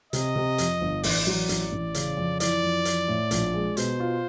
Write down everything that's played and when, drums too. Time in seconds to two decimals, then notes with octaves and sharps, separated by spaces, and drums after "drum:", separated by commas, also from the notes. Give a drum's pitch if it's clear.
0.13 C3 D#5, drum: hi-hat
0.36 C3
0.58 F2, drum: hi-hat
0.81 G1
1.03 A1 D5, drum: open hi-hat
1.27 F#3
1.49 A1, drum: hi-hat
1.72 A1
1.95 C#3, drum: hi-hat
2.17 F2
2.40 E3 D5, drum: hi-hat
2.63 F2
2.85 E3, drum: hi-hat
3.08 A2
3.31 A#1, drum: hi-hat
3.54 G#3
3.77 B2 C5, drum: hi-hat
4.00 F4